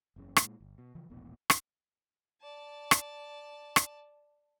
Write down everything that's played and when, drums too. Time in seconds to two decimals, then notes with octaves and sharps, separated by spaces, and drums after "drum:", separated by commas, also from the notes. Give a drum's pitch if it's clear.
0.16 F#1 E2 C#3
0.36 A#2 G#3, drum: rim click
0.60 G1
0.78 B2
0.95 C#3 E3 F3
1.10 E1 A#1 A2 B3
1.50 drum: rim click
2.42 D5 A5
2.91 drum: rim click
3.76 drum: rim click